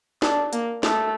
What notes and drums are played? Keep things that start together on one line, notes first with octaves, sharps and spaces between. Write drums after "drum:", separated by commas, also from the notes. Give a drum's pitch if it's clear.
D4, drum: snare
A#3, drum: hi-hat
A3, drum: snare